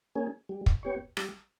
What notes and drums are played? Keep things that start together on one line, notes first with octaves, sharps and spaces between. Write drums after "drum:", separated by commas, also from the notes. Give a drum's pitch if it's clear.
A#3 C#4 G#4
G3
drum: kick
B3 G4 C#5
G3, drum: rim click